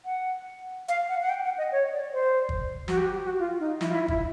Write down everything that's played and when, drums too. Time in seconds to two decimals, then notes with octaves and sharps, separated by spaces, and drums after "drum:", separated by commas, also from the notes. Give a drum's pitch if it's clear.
0.05 F#5
0.88 F5, drum: hi-hat
1.09 F#5
1.21 F#5
1.30 G5
1.44 F#5
1.58 D#5
1.72 C#5
1.93 D5
2.13 C5
2.49 drum: kick
2.88 F#4, drum: snare
2.97 G4
3.11 G4
3.25 F#4
3.39 F4
3.59 D#4
3.81 E4, drum: snare
3.89 F4
3.95 E4
4.04 D#4
4.08 E4, drum: kick